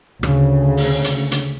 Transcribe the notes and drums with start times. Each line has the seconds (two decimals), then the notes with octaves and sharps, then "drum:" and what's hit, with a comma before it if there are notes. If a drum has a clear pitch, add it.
0.23 D2 C#3, drum: rim click
0.77 drum: open hi-hat
1.04 drum: hi-hat
1.32 drum: hi-hat